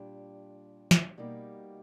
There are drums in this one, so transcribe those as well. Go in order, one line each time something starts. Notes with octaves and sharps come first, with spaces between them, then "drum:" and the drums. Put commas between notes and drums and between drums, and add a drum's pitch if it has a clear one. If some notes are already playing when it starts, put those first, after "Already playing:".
Already playing: A#2 G3 D4 G4
drum: snare
B2 G3 A#3 D#4 G4